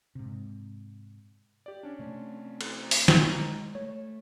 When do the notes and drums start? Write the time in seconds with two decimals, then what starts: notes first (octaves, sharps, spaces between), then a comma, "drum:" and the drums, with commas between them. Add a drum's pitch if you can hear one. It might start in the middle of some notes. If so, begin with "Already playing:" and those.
0.15 G#2 C3
1.66 G4 D5
1.83 C#4 D4
1.99 C3 A3 C4
2.61 drum: cymbal
2.91 drum: open hi-hat
3.08 drum: snare
3.31 G#3 A#5
3.75 A3 C#5